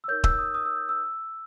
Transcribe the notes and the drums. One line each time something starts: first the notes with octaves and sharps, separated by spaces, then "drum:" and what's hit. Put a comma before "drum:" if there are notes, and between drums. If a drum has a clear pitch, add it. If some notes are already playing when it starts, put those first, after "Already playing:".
E6
D#4 A#4 C#5 G6
E6, drum: kick D#1
D#6
D#6
E6
G6
E6